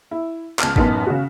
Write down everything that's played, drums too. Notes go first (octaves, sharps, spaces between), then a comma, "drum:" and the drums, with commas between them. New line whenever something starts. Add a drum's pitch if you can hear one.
E4
C#2 A5 F6, drum: clap
A1 F#2 B3 D#4 A5 B6, drum: kick G#1
C#3 F#4